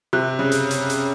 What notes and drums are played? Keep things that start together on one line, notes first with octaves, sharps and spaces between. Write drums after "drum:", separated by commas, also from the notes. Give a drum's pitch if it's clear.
C3 F#6
C#3
drum: hi-hat
drum: hi-hat
drum: hi-hat